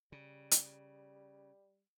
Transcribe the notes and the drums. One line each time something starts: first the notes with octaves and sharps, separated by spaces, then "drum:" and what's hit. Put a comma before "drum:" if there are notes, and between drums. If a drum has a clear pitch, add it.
C#3 G3
drum: hi-hat